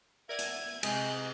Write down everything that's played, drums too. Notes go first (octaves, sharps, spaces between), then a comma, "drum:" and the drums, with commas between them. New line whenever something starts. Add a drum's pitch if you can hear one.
A#4 D5 E5 F#5 G#6 D#7
drum: hi-hat
C3 G#3 G#4 D#5 F#6 G6 C7, drum: cymbal